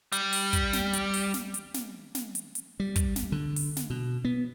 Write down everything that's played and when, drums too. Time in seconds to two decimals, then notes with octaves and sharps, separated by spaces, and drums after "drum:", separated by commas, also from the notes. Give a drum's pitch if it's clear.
0.12 G3, drum: hi-hat
0.33 drum: open hi-hat
0.53 drum: kick, hi-hat
0.73 drum: snare
0.93 drum: hi-hat
1.14 drum: open hi-hat
1.34 drum: snare
1.54 drum: hi-hat
1.74 drum: snare
2.15 drum: snare
2.35 drum: hi-hat
2.55 drum: hi-hat
2.80 G3
2.96 drum: kick, hi-hat
3.16 drum: snare
3.32 D3
3.56 drum: open hi-hat
3.77 drum: snare
3.90 B2
4.25 B3